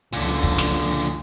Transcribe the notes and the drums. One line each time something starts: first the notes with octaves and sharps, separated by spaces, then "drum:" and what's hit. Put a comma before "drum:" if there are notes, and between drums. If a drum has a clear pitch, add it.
C#2 A#2 D3 F3, drum: hi-hat
drum: hi-hat
drum: kick
drum: snare
drum: hi-hat
drum: hi-hat